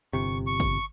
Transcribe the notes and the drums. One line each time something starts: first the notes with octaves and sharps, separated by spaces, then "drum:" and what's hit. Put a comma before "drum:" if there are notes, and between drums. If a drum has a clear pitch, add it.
G1 C3 C#6
C#6
drum: kick G#1, hi-hat